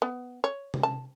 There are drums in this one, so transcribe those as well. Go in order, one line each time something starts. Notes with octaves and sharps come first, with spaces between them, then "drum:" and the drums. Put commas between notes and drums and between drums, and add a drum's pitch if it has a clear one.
B3
C#5
drum: tom C3
A5